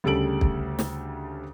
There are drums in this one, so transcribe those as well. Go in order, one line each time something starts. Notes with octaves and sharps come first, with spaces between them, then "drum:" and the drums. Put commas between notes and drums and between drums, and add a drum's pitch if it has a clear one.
D2 C#3 G3 A4 D7 F#7
drum: kick
drum: snare